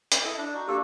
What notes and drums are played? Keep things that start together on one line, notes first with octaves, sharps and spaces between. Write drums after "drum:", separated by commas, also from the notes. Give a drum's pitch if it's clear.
drum: hi-hat
E4 A4 D#5
D4
D#4 F#4
A#3 D4 G4 A4 E6